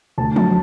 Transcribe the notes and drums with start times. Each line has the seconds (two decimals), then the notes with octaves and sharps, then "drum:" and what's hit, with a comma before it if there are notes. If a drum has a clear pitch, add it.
0.18 D2 A5
0.36 F#3 A5, drum: tom F3